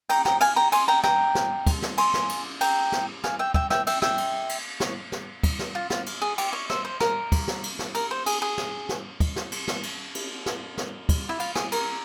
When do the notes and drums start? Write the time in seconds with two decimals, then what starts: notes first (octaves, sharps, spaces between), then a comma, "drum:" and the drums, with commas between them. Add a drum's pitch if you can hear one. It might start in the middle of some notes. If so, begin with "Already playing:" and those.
0.09 G5 A#5, drum: cymbal
0.25 G5 A#5, drum: snare
0.41 F5 G#5, drum: cymbal
0.56 G5 A#5
0.72 G#5 C6, drum: cymbal
0.88 G5 A#5
1.04 G5 A#5, drum: snare
1.35 drum: snare
1.66 drum: kick, cymbal
1.82 drum: snare
1.98 G#5 C6, drum: cymbal
2.14 drum: snare
2.29 drum: cymbal
2.61 G5 A#5, drum: cymbal
2.92 drum: snare
3.24 F5 G#5, drum: snare
3.39 E5 G5
3.54 E5 G5, drum: kick
3.70 E5 G5, drum: snare
3.87 E5 G5, drum: cymbal
4.02 E5 G5, drum: snare
4.18 drum: cymbal
4.49 drum: cymbal
4.80 C#5, drum: snare
5.12 drum: snare
5.43 drum: kick, cymbal
5.59 drum: snare
5.75 F4
5.90 F4, drum: snare
6.06 drum: cymbal
6.22 G#4
6.38 G4, drum: cymbal
6.53 C#5
6.70 C5 E5, drum: snare
6.85 C5
7.00 A#4, drum: snare
7.32 drum: kick, cymbal
7.48 drum: snare
7.63 drum: cymbal
7.79 drum: snare
7.95 A#4, drum: cymbal
8.11 C5
8.26 G#4, drum: cymbal
8.42 G#4
8.58 drum: snare
8.89 drum: snare
9.20 drum: kick, cymbal
9.36 drum: snare
9.52 drum: cymbal
9.68 drum: snare
9.83 drum: cymbal
10.15 drum: cymbal
10.46 drum: snare
10.77 drum: snare
11.09 drum: kick, cymbal
11.29 E4
11.40 F4, drum: cymbal
11.55 G#4, drum: snare
11.72 A#4, drum: cymbal